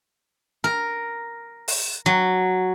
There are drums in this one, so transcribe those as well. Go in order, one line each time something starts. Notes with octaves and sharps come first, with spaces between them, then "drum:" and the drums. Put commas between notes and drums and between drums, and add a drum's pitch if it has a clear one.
A#4
drum: open hi-hat
F#3